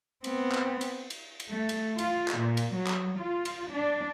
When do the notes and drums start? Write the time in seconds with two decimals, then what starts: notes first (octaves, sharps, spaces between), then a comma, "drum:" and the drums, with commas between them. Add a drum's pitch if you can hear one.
0.24 B3 C4, drum: cymbal
0.52 drum: clap
0.81 drum: cymbal
1.10 drum: cymbal
1.40 drum: cymbal
1.51 A3
1.69 drum: cymbal
1.98 F4, drum: cymbal
2.28 drum: clap
2.38 A#2
2.57 drum: cymbal
2.73 F#3
2.87 drum: clap
3.19 F4
3.45 drum: cymbal
3.71 D4